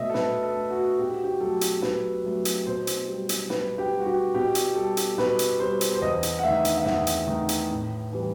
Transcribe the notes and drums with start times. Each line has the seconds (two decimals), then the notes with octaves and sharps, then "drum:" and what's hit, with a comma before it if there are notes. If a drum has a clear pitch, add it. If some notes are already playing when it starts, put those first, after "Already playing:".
Already playing: B2 A3 D#5 E5
0.10 A4
0.14 B2 B4, drum: snare
0.43 A4
0.57 A3
0.70 F#4
0.98 B2 G4
1.11 F#4
1.24 G4
1.40 F#3 A3 A4
1.61 drum: hi-hat
1.82 B2 B4, drum: snare
2.24 F#3 A3
2.45 drum: hi-hat
2.66 B2 C5
2.87 drum: hi-hat
3.08 G3
3.29 drum: hi-hat
3.50 B2 B4, drum: snare
3.78 G4
3.92 G3
3.99 F#4
4.06 G4
4.34 B2 G4
4.55 drum: hi-hat
4.75 G3 A4
4.97 drum: hi-hat
5.18 B2 B4, drum: snare
5.39 drum: hi-hat
5.60 G3 C5
5.81 drum: hi-hat
5.95 C5
6.02 E2 D#5
6.23 drum: hi-hat
6.39 F#5
6.43 D#3 A3 E5
6.65 drum: hi-hat
6.78 E5
6.86 E2 F#5, drum: snare
7.07 drum: hi-hat
7.27 D#3 A3
7.49 drum: hi-hat
7.70 A2
8.12 E3 G3